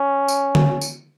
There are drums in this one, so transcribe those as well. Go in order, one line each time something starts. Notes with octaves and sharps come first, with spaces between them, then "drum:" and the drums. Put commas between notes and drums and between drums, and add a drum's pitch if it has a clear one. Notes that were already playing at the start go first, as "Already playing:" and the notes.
Already playing: C#4
drum: tambourine
drum: tom D3
drum: tambourine